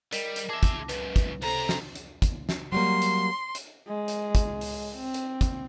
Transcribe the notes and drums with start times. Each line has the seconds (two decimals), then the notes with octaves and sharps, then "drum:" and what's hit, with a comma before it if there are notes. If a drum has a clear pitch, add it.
0.13 G3 A#4 D5 D#5, drum: hi-hat
0.36 drum: hi-hat
0.49 G#4 E5 A5 D6 A#6
0.63 drum: kick, hi-hat
0.89 C#2 F#2 B4, drum: hi-hat
1.16 drum: kick, hi-hat
1.42 C3 A4 C5 A#5, drum: open hi-hat
1.69 drum: snare
1.96 drum: hi-hat
2.22 drum: kick, hi-hat
2.49 drum: snare
2.72 F#3 G3 A#3 C6
3.02 drum: hi-hat
3.55 drum: hi-hat
3.87 G#3
4.08 drum: hi-hat
4.35 drum: kick, hi-hat
4.61 drum: open hi-hat
4.95 C4
5.14 drum: hi-hat
5.41 drum: kick, hi-hat